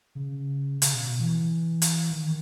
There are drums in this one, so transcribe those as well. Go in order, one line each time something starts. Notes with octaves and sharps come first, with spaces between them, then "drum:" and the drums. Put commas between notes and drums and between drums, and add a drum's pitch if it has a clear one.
C#3
C#3, drum: hi-hat
B2
B2
E3
drum: hi-hat
D#3